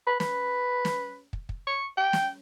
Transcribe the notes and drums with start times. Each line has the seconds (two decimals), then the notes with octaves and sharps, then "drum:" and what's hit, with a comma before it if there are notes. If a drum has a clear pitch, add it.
0.07 B4
0.20 B4, drum: snare
0.85 drum: snare
1.33 drum: kick
1.49 drum: kick
1.67 C#6
1.97 G5
2.13 drum: snare